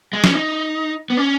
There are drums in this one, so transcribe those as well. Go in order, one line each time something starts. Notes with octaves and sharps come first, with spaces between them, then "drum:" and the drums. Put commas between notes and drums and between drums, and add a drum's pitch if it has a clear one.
G#3
C#4, drum: snare
D#4
B3
C#4